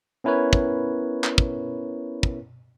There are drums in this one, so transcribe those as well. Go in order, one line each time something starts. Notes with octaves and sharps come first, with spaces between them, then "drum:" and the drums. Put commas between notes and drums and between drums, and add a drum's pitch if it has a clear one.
B3 C#4 E4 A#4 B4 C#5
drum: kick
drum: clap
drum: kick
drum: kick